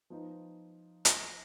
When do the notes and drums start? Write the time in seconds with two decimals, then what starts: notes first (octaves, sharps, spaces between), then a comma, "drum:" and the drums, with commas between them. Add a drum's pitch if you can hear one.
0.10 F3 B3 D#4
1.05 A#6, drum: hi-hat